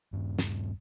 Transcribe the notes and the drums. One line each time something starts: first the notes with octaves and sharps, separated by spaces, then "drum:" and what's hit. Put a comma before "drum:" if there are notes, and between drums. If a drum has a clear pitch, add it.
D#1 G2
drum: snare